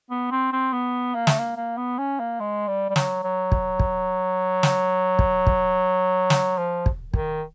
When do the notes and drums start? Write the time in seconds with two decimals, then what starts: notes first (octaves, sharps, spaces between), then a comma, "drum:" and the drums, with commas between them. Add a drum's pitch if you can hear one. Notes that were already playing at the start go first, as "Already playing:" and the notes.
0.11 B3
0.31 C4
0.53 C4
0.73 B3
1.15 A#3
1.27 A3, drum: snare
1.39 A#3
1.57 A#3
1.77 B3
1.99 C#4
2.20 A#3
2.40 G#3
2.68 G3
2.90 G3
2.96 F#3, drum: snare
3.24 F#3
3.52 drum: kick
3.80 drum: kick
4.63 drum: snare
5.19 drum: kick
5.47 drum: kick
6.30 drum: snare
6.58 F3
6.86 drum: kick
7.14 D#3, drum: kick